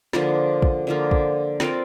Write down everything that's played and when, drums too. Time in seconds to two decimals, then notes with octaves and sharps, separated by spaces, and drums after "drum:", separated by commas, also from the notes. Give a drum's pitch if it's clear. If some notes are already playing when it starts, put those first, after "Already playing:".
0.13 D3 F3 A#3 F4, drum: snare
0.62 drum: kick
0.87 D3 F3 A#3 F4
1.11 drum: kick
1.60 C4 F4 A#4 D5, drum: snare